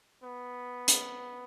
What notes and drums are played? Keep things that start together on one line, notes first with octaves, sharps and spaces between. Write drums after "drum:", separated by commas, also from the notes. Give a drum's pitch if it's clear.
B3
drum: hi-hat